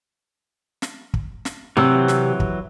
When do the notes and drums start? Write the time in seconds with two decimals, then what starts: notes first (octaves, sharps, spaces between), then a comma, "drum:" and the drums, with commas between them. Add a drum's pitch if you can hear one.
0.82 drum: snare
1.14 drum: kick
1.45 drum: snare
1.77 C3 E3 F#3 E6
2.08 drum: snare
2.40 drum: kick